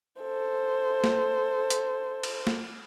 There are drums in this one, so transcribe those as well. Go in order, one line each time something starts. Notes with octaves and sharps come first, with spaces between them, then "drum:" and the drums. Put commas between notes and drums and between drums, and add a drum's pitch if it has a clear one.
A4 C5
drum: snare
drum: hi-hat
drum: cymbal
drum: snare